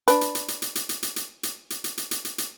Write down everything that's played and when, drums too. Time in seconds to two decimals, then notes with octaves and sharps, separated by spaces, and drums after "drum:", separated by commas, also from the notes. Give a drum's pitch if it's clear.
0.08 D4 B4, drum: hi-hat
0.21 drum: hi-hat
0.35 drum: hi-hat
0.48 drum: hi-hat
0.62 drum: hi-hat
0.75 drum: hi-hat
0.89 drum: hi-hat
1.03 drum: hi-hat
1.16 drum: hi-hat
1.43 drum: hi-hat
1.70 drum: hi-hat
1.84 drum: hi-hat
1.97 drum: hi-hat
2.11 drum: hi-hat
2.25 drum: hi-hat
2.38 drum: hi-hat